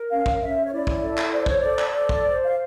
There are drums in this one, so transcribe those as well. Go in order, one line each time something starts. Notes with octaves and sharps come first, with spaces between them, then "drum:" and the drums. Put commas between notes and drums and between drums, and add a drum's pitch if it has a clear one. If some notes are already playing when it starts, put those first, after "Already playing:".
Already playing: A#4
C#4 F5
drum: kick
C#4 E5
C#5
E4 D5
drum: kick
A4
drum: clap
C5 D5
C#5, drum: kick
A4 D5
drum: clap
A4 D5
drum: kick
C5
F5